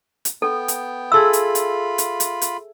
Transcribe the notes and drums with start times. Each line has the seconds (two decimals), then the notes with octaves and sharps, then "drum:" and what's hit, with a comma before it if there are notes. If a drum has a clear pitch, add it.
0.25 drum: hi-hat
0.42 B3 A4 G5
0.68 drum: hi-hat
1.12 F4 G#4 A4 E5 B5 E6
1.33 drum: hi-hat
1.55 drum: hi-hat
1.98 drum: hi-hat
2.20 drum: hi-hat
2.42 drum: hi-hat